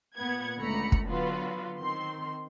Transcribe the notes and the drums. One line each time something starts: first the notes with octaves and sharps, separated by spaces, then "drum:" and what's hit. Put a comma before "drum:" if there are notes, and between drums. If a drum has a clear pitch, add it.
A#2 B3 F#5 G#6
C#2 D3 A3 A#5 B5 C#7
drum: kick
D3 F#3 B3 F4 F#4 B4
D#3 C4 C6